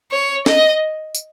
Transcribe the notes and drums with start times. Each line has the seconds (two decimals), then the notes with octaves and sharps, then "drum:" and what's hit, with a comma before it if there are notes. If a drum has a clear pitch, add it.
0.12 C#5
0.46 D#5, drum: snare
1.15 drum: tambourine